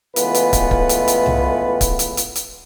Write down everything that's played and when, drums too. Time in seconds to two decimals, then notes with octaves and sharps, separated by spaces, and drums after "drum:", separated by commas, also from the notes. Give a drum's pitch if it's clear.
0.16 C#2 E3 A3 B3 F4 B4, drum: hi-hat
0.34 drum: hi-hat
0.53 drum: kick, hi-hat
0.71 drum: kick
0.89 drum: hi-hat
1.08 drum: hi-hat
1.26 drum: tom C2
1.81 drum: kick, hi-hat
1.99 drum: hi-hat
2.17 drum: hi-hat
2.36 drum: hi-hat